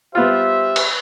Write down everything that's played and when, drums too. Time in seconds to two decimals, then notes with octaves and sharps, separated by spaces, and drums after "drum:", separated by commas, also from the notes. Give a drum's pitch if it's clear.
0.15 G3 B3 F4 G4 C5 E5
0.76 drum: cymbal